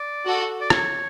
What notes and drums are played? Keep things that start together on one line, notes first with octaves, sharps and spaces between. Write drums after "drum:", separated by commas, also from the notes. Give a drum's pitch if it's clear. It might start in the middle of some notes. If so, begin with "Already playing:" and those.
Already playing: D5
F#4 A4
D5
C#5, drum: rim click